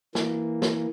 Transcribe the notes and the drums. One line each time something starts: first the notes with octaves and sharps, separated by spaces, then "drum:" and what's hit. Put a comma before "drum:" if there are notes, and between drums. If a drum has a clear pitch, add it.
E3 A#3, drum: snare
drum: snare